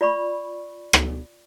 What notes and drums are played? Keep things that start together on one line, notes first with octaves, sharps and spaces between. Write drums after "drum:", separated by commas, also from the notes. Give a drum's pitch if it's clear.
F4 D5 B5 C#6
drum: rim click